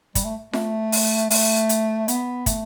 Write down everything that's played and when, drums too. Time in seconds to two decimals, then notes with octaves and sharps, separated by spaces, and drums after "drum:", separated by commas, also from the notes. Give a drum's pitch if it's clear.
0.15 G3, drum: kick, hi-hat
0.25 A3
0.53 A3, drum: snare F4
0.92 drum: open hi-hat
1.30 A3, drum: open hi-hat
1.69 drum: hi-hat
2.08 B3, drum: hi-hat
2.46 A3, drum: kick, hi-hat